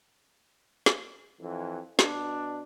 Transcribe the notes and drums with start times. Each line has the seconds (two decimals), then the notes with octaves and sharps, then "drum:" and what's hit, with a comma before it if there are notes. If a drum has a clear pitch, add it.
0.86 drum: snare
1.41 F2 E3
1.99 B2 D4, drum: snare